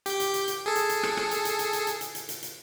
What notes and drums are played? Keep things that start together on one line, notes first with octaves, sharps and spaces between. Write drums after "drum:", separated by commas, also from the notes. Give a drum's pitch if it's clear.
G4 G6, drum: hi-hat
drum: hi-hat
drum: hi-hat
drum: hi-hat
G#4 A4
drum: hi-hat
drum: hi-hat
drum: rim click
drum: rim click
drum: hi-hat
drum: hi-hat
drum: hi-hat
drum: hi-hat
drum: hi-hat
drum: hi-hat
drum: hi-hat
drum: hi-hat
drum: hi-hat